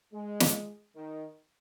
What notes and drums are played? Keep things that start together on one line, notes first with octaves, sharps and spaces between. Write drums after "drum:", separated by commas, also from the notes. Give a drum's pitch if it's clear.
G#3
drum: snare
D#3